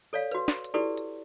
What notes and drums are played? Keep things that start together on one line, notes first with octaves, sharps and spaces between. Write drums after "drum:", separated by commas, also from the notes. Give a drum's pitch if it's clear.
A4 C#5 D5 F5
F#4 B4, drum: hi-hat
drum: snare
drum: hi-hat
E4 F#4 G4 A4 B4 D5
drum: hi-hat